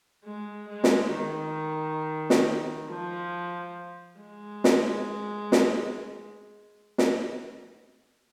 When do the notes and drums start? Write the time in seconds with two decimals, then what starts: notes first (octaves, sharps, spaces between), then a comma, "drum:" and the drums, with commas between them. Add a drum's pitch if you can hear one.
0.25 G#3
0.69 G#3
0.84 drum: snare
1.13 D#3
2.30 drum: snare
2.89 F3
4.20 G#3
4.64 drum: snare
5.52 drum: snare
6.98 drum: snare